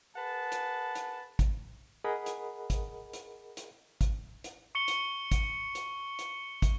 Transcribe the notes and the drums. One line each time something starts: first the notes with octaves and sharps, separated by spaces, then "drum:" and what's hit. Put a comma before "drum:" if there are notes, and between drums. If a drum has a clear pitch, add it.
G#4 A#4 B4 F#5 A5
drum: hi-hat
drum: hi-hat
drum: kick, hi-hat
G#4 A#4 D#5 F#5 B5
drum: hi-hat
drum: kick, hi-hat
drum: hi-hat
drum: hi-hat
drum: kick, hi-hat
drum: hi-hat
C#6 C#7 G7
drum: hi-hat
drum: kick, hi-hat
drum: hi-hat
drum: hi-hat
drum: kick, hi-hat